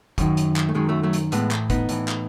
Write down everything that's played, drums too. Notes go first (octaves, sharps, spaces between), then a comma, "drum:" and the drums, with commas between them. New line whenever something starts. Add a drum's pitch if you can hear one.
F#2 D#3 F#3, drum: kick G1, hi-hat
drum: hi-hat
drum: clap
A3
F#2 D#3 F#3 G#3
F#3 A3
F#3 A3
drum: hi-hat
A2 E3 G#3 B3, drum: hi-hat
drum: clap
B3 D#4, drum: kick G1, hi-hat
A2 E3, drum: hi-hat
drum: clap